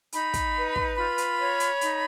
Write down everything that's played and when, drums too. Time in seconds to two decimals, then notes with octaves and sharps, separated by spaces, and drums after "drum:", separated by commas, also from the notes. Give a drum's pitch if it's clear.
0.12 D#4 B5, drum: hi-hat
0.34 drum: kick, hi-hat
0.55 B4
0.76 drum: kick
0.97 F4 B5
1.18 drum: hi-hat
1.39 C#5
1.60 drum: hi-hat
1.81 D#4, drum: hi-hat